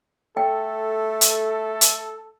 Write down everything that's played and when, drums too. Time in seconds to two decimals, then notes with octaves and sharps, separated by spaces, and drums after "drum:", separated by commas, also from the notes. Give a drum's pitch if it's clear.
0.37 A3 A4 G5
1.21 drum: hi-hat
1.81 drum: hi-hat